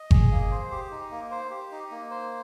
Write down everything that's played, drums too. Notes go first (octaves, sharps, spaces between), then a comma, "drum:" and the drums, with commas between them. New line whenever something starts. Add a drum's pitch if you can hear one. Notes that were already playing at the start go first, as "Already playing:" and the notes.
Already playing: D#5
G#4, drum: kick G1
A#3
C5
G4
D#4
A#3
C5
G4
D#4
A#3
C5